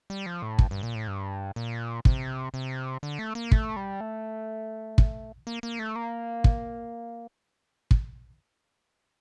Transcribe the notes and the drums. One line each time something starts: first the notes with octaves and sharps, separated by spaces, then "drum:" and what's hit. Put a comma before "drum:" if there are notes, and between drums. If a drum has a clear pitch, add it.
G3
F3
A2
G2, drum: kick
G2
A#2
A2
G2
A#2
C3, drum: kick
C3
D3
A3
A#3
A3, drum: kick
G3
A3
drum: kick
A#3
A#3
A3
A#3
drum: kick
drum: kick